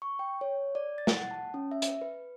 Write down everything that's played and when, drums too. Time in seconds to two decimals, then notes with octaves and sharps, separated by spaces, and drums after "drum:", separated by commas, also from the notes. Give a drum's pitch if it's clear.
0.02 C#6
0.19 G5
0.41 C#5
0.75 D5
0.98 A6
1.07 drum: snare
1.17 F#5
1.31 A5
1.54 C#4
1.72 E5
1.82 drum: hi-hat
2.01 B4